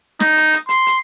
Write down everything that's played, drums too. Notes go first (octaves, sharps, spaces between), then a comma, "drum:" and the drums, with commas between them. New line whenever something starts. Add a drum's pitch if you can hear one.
D#4, drum: snare
drum: hi-hat
drum: hi-hat
C6, drum: hi-hat
drum: hi-hat